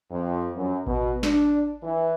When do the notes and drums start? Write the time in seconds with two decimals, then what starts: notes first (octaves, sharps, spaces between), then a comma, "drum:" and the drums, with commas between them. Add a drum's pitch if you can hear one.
0.11 F2
0.56 F#2
0.87 B2, drum: kick A1
1.23 D4, drum: snare
1.82 E3